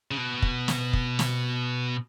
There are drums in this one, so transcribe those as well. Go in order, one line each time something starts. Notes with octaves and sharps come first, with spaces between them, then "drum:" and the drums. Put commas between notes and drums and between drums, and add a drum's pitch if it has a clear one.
C#3
B2
drum: kick
drum: snare
drum: kick
drum: snare